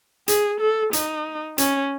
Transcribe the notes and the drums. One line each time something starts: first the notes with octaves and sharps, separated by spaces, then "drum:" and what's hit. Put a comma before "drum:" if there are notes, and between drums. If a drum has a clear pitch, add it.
G#4, drum: hi-hat
A4
D#4, drum: hi-hat
C#4, drum: hi-hat